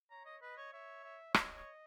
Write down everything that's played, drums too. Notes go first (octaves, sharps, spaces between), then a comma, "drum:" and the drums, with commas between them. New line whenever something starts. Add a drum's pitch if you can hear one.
C#5 A#5
D#5
B4 D#5
C#5
C#5 E5
E5
C#5 D#5, drum: rim click
C#5